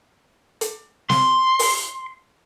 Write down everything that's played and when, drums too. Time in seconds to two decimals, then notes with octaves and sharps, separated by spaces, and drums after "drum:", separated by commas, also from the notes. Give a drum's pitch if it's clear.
0.61 drum: hi-hat
1.10 C6, drum: snare
1.59 drum: open hi-hat